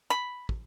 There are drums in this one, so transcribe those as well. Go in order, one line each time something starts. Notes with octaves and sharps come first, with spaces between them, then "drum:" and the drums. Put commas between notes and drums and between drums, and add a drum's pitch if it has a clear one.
B5
drum: kick